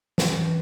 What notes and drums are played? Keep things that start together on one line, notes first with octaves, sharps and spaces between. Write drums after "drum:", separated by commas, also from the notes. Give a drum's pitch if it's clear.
E3, drum: snare